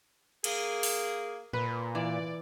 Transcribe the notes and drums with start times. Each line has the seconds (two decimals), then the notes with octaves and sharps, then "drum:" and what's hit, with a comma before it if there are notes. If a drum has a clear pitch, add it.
0.44 A#3 G#4, drum: cymbal
0.83 drum: open hi-hat
1.53 A#2 B4
1.95 E3 D5